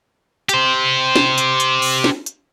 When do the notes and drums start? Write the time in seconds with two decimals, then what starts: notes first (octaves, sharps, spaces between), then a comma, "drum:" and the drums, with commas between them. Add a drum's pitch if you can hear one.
0.49 G4 C5, drum: hi-hat
1.16 drum: snare
1.38 drum: hi-hat
1.60 drum: hi-hat
1.82 drum: open hi-hat
2.04 drum: snare
2.26 drum: hi-hat